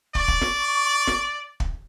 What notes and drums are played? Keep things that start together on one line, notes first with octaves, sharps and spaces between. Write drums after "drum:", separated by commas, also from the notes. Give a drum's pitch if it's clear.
D5 C#6, drum: kick
drum: kick
drum: snare
drum: snare
drum: kick